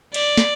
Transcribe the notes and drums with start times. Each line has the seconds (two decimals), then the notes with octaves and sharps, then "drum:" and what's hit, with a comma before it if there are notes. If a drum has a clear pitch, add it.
0.14 D5, drum: cymbal
0.37 drum: snare